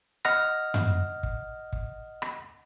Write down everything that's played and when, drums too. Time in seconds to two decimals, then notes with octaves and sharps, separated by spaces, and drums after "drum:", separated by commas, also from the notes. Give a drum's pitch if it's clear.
0.25 D#5 F#5 F6 A#6, drum: rim click
0.74 drum: tom F#2
1.23 drum: kick
1.73 drum: kick
2.22 drum: rim click